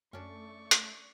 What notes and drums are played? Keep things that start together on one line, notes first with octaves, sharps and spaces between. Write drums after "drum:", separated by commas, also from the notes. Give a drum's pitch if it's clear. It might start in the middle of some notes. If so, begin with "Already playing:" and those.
F#2 A3 C#4 D4 D5 C#6
drum: hi-hat